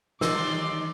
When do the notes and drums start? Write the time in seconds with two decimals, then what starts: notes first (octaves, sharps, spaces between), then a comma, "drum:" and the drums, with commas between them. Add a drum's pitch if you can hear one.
0.21 D#2 E3 D#4 A#4 C#5 D5 C6 E6, drum: snare